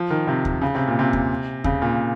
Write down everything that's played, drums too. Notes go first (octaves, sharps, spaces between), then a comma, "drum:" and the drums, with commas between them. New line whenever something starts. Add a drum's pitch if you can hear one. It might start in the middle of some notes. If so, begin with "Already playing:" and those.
Already playing: F3
D#3
C3
drum: kick D#2
C#3
C3
A#2
C3
drum: kick D#2
C#3, drum: kick D#2
A#2